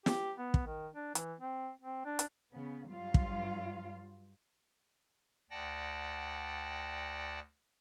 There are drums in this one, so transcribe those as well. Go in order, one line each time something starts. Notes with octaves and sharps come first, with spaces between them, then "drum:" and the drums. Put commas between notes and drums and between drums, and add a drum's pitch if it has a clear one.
G4, drum: snare
B3
drum: kick
D#3
D4
E3, drum: hi-hat
C4
C4
D4
drum: hi-hat
C#3 B3
G2 F#3 G3 F4 F5
drum: kick
D2 D5 F#5 G5 A5 A#6